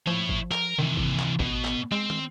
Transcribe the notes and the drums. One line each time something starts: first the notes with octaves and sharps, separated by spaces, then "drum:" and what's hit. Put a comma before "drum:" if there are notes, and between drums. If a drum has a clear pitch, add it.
F3 E4 C#5
drum: kick G#1
A#4, drum: clap
C3 D#3 E3
drum: kick G#1
drum: clap
A1 B2, drum: kick G#1
drum: clap
G#3 C4
drum: tom